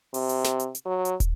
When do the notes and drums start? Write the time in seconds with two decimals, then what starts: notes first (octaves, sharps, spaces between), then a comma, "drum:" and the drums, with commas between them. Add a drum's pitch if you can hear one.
0.14 C3, drum: open hi-hat
0.29 drum: hi-hat
0.44 drum: snare
0.59 drum: hi-hat
0.75 drum: hi-hat
0.85 F#3
1.05 drum: hi-hat
1.20 drum: kick, hi-hat